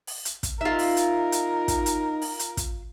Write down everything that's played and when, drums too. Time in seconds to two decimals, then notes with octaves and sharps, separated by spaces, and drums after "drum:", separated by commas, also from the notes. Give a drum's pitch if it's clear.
0.07 drum: open hi-hat
0.25 drum: hi-hat
0.43 drum: kick, hi-hat
0.61 D#4 F4 A#4 E5
0.79 drum: open hi-hat
0.97 drum: hi-hat
1.32 drum: hi-hat
1.68 drum: kick, hi-hat
1.86 drum: hi-hat
2.22 drum: open hi-hat
2.39 drum: hi-hat
2.57 drum: kick, hi-hat